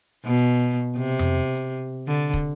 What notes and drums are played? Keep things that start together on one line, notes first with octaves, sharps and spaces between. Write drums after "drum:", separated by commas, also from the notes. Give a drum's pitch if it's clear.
B2
C3
drum: tom F2
drum: hi-hat
D3
drum: kick